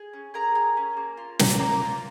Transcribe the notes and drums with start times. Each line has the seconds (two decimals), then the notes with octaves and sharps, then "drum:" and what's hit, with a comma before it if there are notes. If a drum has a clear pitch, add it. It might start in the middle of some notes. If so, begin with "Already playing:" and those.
Already playing: G#4
0.13 C#4
0.34 G#4 A#4 A#5
0.55 G#4
0.77 C#4
0.97 A#3
1.17 F4
1.39 A#3, drum: snare
1.59 A#3 A#4 A#5
1.80 F4